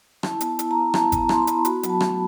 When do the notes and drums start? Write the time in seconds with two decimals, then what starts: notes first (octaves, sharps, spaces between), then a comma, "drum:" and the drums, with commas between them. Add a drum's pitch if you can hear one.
0.23 E4 A5, drum: rim click
0.41 B3, drum: hi-hat
0.46 A5
0.59 E4, drum: hi-hat
0.71 B3 A#5
0.94 E4 A5, drum: rim click
1.12 B3, drum: kick G#1, hi-hat
1.18 A#5
1.29 E4 C6, drum: rim click
1.42 B5
1.47 B3, drum: hi-hat
1.65 F#4 B5, drum: hi-hat
1.83 F#3, drum: hi-hat
1.90 A5
2.00 A3, drum: rim click